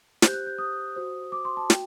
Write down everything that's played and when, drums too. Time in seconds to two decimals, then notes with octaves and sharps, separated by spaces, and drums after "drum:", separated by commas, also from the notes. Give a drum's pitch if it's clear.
0.22 G4 C5 F#6, drum: snare
0.28 G6
0.34 F#6
0.47 G6
0.58 D#6
0.96 F#4 C5
1.32 D6
1.45 C6
1.57 A5
1.70 F#4 G5, drum: snare